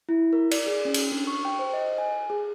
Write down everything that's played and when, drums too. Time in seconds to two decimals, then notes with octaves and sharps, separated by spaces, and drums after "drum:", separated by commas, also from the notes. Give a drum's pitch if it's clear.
0.09 E4
0.33 A#4
0.51 D5, drum: cymbal
0.67 G#4
0.85 C#4
0.94 drum: cymbal
1.12 D4
1.27 C#6
1.45 G5
1.59 C5
1.74 D#5
1.98 G#5
2.30 G#4